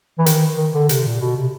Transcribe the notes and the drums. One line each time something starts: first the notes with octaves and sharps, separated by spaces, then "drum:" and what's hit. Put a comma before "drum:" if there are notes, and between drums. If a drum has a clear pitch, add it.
E3
D#3, drum: hi-hat
D#3
D3
C3, drum: hi-hat
A#2
B2
C3